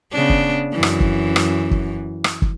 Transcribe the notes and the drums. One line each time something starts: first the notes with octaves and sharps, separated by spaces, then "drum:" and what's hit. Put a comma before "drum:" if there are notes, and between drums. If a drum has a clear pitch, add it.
C#3 B3 D4
drum: kick
F#2 E3
drum: rim click
drum: kick
drum: rim click
drum: kick
drum: rim click
drum: kick